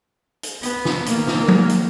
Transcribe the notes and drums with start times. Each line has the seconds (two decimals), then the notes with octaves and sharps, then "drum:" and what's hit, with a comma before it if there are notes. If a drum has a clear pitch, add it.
0.43 drum: hi-hat
0.63 B3, drum: hi-hat
0.85 drum: snare
1.06 D#3 A#3, drum: hi-hat
1.27 drum: snare
1.48 drum: tom
1.69 drum: hi-hat